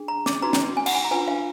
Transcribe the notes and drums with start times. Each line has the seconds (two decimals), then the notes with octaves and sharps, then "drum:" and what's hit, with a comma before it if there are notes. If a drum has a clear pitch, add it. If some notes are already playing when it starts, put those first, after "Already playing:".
Already playing: D4 G#4
0.08 A#5
0.26 D6, drum: snare
0.42 D#4 F#4 B4 A#5
0.53 drum: snare
0.77 G#5
0.86 F#5, drum: cymbal
0.95 G#5
1.05 A#5
1.11 D4 F4 B4 G#5
1.28 F5